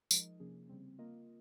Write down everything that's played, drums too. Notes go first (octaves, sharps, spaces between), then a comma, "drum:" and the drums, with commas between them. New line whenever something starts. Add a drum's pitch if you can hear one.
F3 G#3 D#4 A#4 D#5, drum: tambourine
C3 F3 A#3 C#4 G#4
C#3 G3 C4
A#3 F4 A#4 D#5